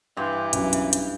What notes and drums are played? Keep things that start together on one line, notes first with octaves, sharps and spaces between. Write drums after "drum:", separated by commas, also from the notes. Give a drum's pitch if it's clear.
G2 E3 G5 C6 G6
B1 F#2 C#4, drum: hi-hat
drum: hi-hat
drum: hi-hat